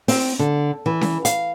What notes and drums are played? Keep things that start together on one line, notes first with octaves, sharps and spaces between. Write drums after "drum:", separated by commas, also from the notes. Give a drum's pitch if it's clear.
C4, drum: open hi-hat
D3
E3
drum: snare C#4
F5, drum: hi-hat